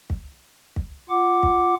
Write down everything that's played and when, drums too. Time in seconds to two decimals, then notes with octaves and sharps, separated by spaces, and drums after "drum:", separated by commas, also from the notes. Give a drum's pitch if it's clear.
0.10 drum: kick
0.76 drum: kick
1.10 F4 F#5 D6
1.43 drum: kick